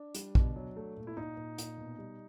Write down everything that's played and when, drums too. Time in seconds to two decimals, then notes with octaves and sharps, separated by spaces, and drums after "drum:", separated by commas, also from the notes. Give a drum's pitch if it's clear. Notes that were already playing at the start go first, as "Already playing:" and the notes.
Already playing: D4
0.15 G3, drum: hi-hat
0.35 B2, drum: kick A#1
0.56 F#3
0.77 A3
0.97 A#2
1.07 E4
1.17 A#2 D#4
1.37 A#2
1.58 A#2, drum: hi-hat
1.78 B2
1.99 G3